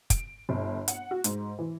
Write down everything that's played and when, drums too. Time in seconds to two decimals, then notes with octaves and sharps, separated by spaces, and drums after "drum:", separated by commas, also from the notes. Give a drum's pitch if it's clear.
0.10 D7, drum: kick, hi-hat
0.49 G1
0.88 F#5, drum: hi-hat
1.11 F#4
1.24 G#2, drum: hi-hat
1.59 E3